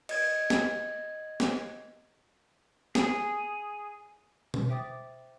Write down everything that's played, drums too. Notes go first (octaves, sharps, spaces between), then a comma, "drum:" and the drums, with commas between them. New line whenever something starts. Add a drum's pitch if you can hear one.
D#5 G#6, drum: cymbal
drum: snare
drum: snare
G#4, drum: snare
drum: tom B2
C5 E5 G5 D6 D#6 A6